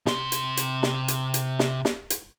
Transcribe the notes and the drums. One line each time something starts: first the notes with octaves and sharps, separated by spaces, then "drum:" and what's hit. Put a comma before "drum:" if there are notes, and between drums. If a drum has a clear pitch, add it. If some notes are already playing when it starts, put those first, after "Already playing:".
C3 C6, drum: snare
drum: hi-hat
drum: hi-hat
drum: snare
drum: hi-hat
drum: hi-hat
drum: snare
drum: snare
drum: hi-hat